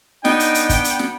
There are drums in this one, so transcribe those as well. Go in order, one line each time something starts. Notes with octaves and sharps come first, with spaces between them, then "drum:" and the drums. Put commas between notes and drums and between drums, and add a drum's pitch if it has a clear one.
B3 D4 D#4 G5, drum: snare
drum: hi-hat
drum: hi-hat
drum: kick, hi-hat
drum: hi-hat
drum: snare